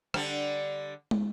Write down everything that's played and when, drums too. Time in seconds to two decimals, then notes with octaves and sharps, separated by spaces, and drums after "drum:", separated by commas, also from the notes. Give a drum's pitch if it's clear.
0.14 D3 G3 D4, drum: rim click
1.11 drum: tom